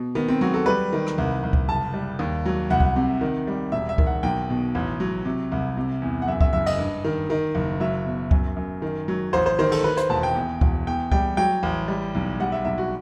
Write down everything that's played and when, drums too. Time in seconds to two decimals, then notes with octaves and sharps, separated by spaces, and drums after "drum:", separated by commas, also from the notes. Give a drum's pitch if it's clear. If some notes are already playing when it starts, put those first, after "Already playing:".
Already playing: B2
0.15 D#3 B3
0.28 C4
0.41 F#3 F#4
0.54 A4
0.66 G3 B4
0.93 D#3
1.06 drum: rim click
1.18 C2
1.43 C2
1.53 drum: kick C#2
1.69 F#1 A5
1.94 G3
2.19 D#2
2.45 F#3
2.70 C2 F#5
2.80 drum: kick C#2
2.96 C3
3.21 D#3
3.47 G3
3.72 E1 E5
3.89 E5
3.98 D#3, drum: kick C#2
4.07 F#5
4.23 B1 G5
4.50 B2
4.75 A1
5.00 F#3
5.25 C3
5.52 C2
5.77 C3
6.02 E2
6.22 F#5
6.27 F#2 E5
6.41 E5, drum: kick C#2
6.53 F#1 E5
6.66 D#5, drum: cymbal
6.79 G2
7.04 D#3
7.30 D#3
7.55 F#1
7.80 F#3 E5
8.06 B2
8.31 F#2, drum: kick C#2
8.56 F#2
8.82 D#3
9.08 F#3
9.33 A1 C5
9.46 C5
9.59 D#3 C5
9.72 A4, drum: cymbal
9.84 D#3 B4
9.97 C5, drum: hi-hat
10.09 E1 A5
10.23 G5
10.35 E2
10.61 E1, drum: kick C#2
10.87 E2 G5
11.12 G3 G5, drum: kick C#2
11.37 F#3 G5
11.63 A1
11.88 G3
12.15 B1
12.40 G3 F#5
12.52 E5
12.65 B1 E5
12.78 F#4